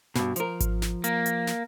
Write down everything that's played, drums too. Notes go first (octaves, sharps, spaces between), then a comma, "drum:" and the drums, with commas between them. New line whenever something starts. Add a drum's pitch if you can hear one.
G2 B2, drum: snare
F3 A#4, drum: hi-hat
drum: kick G#1, hi-hat
drum: snare
A#3, drum: hi-hat
drum: hi-hat
drum: snare